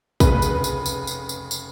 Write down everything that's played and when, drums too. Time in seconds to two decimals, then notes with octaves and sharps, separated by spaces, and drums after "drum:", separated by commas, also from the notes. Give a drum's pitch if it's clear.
0.20 F1 C#3 B4, drum: kick, tambourine
0.42 drum: tambourine
0.64 drum: tambourine
0.86 drum: tambourine
1.07 drum: tambourine
1.29 drum: tambourine
1.51 drum: tambourine